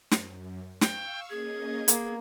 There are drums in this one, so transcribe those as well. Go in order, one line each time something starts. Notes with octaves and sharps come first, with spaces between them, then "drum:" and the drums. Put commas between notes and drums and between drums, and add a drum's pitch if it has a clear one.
F#2, drum: snare
F5 G5 C#6 E6, drum: snare
A#3 C#4 G#4 D#5 G#6
A#3 B3, drum: hi-hat